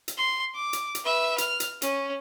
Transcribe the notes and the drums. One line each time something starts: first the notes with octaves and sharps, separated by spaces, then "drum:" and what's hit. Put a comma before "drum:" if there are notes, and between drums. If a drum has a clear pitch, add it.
drum: hi-hat
C6
D6
drum: hi-hat
drum: hi-hat
B4 E5
F6, drum: hi-hat
drum: hi-hat
C#4, drum: hi-hat